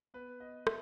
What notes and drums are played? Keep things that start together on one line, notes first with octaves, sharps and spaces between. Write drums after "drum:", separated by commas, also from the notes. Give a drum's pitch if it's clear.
B3 B4
B3 D#5
E5, drum: rim click